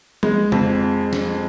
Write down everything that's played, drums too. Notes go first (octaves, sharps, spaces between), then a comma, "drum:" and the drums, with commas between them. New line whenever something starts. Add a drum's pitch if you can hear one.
G#3, drum: tom
F2, drum: tom C#3
drum: snare